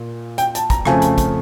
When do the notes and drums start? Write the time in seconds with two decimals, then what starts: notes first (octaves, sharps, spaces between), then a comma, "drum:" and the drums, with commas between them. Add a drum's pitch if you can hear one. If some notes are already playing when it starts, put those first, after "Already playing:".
Already playing: A#2
0.38 G5, drum: hi-hat
0.55 A5, drum: hi-hat
0.70 A#5, drum: kick, hi-hat
0.85 F2 C#3 F3 A3 G#5, drum: rim click
1.02 drum: hi-hat
1.18 drum: kick, hi-hat